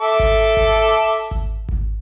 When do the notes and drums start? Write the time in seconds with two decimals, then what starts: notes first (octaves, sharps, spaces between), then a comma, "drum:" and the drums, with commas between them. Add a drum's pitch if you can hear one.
0.01 A4 E5 D6
0.20 drum: kick G#1, hi-hat
0.57 drum: kick G#1, open hi-hat
0.75 drum: hi-hat
1.13 drum: open hi-hat
1.31 drum: kick G#1
1.69 drum: kick G#1